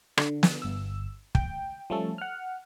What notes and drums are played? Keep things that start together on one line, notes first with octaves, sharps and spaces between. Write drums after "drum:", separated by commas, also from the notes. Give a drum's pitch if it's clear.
D3, drum: rim click
drum: snare
G1 E6
G5, drum: kick
F3 G3 A3 C#4 A4
F#5 F6